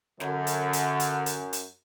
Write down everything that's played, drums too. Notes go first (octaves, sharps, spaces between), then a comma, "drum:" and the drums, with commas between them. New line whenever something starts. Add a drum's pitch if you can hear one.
F#2 D3, drum: snare
drum: hi-hat
drum: hi-hat
drum: hi-hat
drum: hi-hat
drum: hi-hat